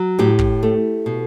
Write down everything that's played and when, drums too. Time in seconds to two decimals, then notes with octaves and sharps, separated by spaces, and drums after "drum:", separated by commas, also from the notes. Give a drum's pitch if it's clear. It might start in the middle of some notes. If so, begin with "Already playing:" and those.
Already playing: F#3
0.19 A2 G4
0.39 drum: kick
0.63 A3
1.06 B2